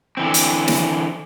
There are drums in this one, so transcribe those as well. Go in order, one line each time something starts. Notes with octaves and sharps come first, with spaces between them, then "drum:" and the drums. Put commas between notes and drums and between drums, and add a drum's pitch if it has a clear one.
D3 E3 C4
drum: hi-hat
drum: snare